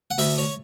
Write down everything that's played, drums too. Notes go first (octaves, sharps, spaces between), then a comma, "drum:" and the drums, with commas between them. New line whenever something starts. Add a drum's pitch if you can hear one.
F#5
D2 E5, drum: open hi-hat
C#5